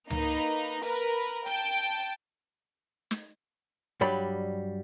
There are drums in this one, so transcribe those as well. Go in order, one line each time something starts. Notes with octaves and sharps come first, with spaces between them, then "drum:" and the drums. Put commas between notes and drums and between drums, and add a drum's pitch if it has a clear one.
A#3 D#4 B4, drum: tom C#2
A#4 B4, drum: hi-hat
G5 A5, drum: hi-hat
drum: snare
G2 F#3 G3 D5 B5